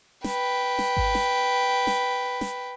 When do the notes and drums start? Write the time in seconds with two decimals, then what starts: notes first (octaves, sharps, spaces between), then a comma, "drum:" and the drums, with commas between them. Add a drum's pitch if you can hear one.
0.24 B4 G5, drum: snare
0.79 drum: snare
0.97 drum: kick G#1
1.15 drum: snare
1.87 drum: snare
2.41 drum: snare